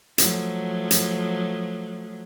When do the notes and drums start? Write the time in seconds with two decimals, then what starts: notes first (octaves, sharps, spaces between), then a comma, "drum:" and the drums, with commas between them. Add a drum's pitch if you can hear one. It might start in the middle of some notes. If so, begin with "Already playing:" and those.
0.18 F3 F#3 A3, drum: hi-hat
0.91 drum: hi-hat